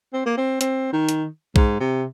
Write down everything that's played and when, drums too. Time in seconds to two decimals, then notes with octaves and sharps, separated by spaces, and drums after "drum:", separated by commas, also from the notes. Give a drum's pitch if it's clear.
0.13 C4
0.26 A#3
0.37 C4
0.61 C4, drum: hi-hat
0.93 D#3
1.09 drum: hi-hat
1.56 G#2, drum: kick B1
1.80 C3